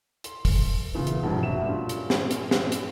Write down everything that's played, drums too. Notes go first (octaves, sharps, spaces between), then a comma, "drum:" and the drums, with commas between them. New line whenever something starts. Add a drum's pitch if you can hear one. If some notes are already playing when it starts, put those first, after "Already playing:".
C6, drum: hi-hat
drum: kick, open hi-hat
A#2 C#3 E3 B3
drum: hi-hat
F1 B1 E2 G2 F3
F#4 E5 E7
G2 A#2 C#4
drum: hi-hat
drum: snare
drum: hi-hat
drum: snare
drum: hi-hat